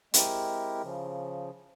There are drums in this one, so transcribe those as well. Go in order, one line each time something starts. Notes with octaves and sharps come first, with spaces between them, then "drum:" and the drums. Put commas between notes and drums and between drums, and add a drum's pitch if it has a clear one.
G#3 C4 E4 G4 A#4, drum: hi-hat
C#3 F3